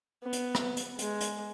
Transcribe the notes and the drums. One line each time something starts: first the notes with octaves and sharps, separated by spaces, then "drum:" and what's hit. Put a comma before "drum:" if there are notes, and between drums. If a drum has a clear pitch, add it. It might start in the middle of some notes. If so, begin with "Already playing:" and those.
B3
drum: hi-hat
drum: rim click
drum: hi-hat
G#3, drum: hi-hat
drum: hi-hat